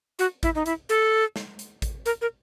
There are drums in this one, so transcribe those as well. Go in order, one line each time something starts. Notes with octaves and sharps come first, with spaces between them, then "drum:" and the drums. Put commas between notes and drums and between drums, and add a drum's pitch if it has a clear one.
F#4, drum: hi-hat
E4, drum: kick A1, hi-hat
D#4
E4, drum: hi-hat
A4, drum: hi-hat
drum: snare
drum: hi-hat
drum: kick A1, hi-hat
A#4, drum: hi-hat
A#4